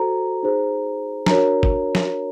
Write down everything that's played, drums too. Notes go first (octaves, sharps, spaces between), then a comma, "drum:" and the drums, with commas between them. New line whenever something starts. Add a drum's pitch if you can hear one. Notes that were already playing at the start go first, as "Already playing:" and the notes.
Already playing: F#4 A4 C5 A#5
D#4 G#4 C5
D4 F#4 A#4 C#5 A#5, drum: snare
drum: kick
drum: snare